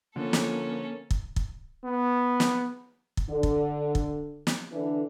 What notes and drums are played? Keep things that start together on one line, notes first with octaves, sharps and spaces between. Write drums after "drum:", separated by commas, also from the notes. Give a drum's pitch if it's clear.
D3 F3 A#3 C#4 A4
drum: snare
drum: kick
drum: kick
B3
drum: snare
drum: kick
D3
drum: kick
drum: kick
drum: snare
D3 E3 D4